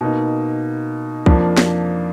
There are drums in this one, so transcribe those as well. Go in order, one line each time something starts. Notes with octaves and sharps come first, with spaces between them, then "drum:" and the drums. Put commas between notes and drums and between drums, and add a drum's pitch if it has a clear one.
B2 A#3 D#4
F2 F3 A#3 D4, drum: kick C2
drum: snare